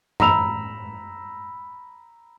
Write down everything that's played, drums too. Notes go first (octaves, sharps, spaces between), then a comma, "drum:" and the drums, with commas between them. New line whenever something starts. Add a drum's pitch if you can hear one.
A#5 B5 E6 F7, drum: tom F#2